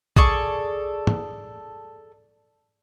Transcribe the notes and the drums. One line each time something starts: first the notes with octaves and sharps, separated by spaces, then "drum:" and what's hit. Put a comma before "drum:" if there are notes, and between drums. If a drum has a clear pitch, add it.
G#4 A4 D5 C#6, drum: kick A#1
drum: tom